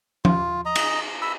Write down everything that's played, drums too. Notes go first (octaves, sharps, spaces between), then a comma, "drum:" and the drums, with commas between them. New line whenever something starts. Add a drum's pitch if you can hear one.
F4, drum: tom F3
D#5 A#5
drum: cymbal
B5 E6